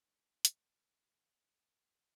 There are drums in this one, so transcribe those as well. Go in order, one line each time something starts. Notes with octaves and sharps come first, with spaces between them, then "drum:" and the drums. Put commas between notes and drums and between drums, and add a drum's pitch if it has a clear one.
G#3 D4 D#4 G#4 C5
drum: hi-hat